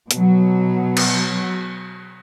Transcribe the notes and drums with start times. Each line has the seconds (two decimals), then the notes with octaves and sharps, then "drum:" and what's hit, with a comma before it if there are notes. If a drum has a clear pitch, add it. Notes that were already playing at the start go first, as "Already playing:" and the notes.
0.11 B2 F#3, drum: hi-hat
0.97 drum: cymbal